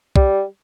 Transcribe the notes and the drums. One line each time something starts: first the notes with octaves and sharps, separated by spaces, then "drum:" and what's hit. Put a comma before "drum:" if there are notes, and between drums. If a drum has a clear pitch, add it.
G3, drum: kick